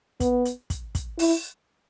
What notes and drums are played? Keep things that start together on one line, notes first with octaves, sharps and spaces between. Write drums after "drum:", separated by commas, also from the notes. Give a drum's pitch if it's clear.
B3, drum: kick, hi-hat
drum: hi-hat
drum: kick, hi-hat
drum: kick, hi-hat
E4, drum: open hi-hat